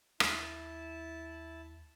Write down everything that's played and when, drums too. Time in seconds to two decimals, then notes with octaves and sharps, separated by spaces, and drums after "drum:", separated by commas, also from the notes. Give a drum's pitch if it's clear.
0.20 D#2 E4 A5, drum: rim click